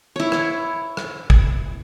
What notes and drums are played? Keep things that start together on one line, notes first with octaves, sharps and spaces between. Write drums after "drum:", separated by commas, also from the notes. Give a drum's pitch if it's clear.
E4 C#5
drum: rim click
drum: rim click
drum: kick